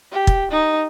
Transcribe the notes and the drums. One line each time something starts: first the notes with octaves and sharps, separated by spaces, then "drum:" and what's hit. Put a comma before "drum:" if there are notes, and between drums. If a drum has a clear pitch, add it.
G4
drum: kick
D#4